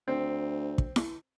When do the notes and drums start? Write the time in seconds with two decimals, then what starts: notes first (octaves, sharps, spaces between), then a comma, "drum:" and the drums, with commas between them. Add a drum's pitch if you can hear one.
0.08 D2 C4
0.78 drum: kick
0.96 drum: snare E4